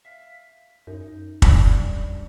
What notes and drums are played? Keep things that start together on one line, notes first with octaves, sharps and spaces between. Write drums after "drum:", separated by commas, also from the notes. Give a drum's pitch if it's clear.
E5 F5
F#2 D#4
G3 C#4 D4, drum: kick